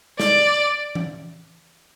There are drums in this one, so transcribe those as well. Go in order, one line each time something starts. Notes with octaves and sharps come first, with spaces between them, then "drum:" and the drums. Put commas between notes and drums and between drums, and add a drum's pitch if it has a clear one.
D5, drum: snare
drum: tom E3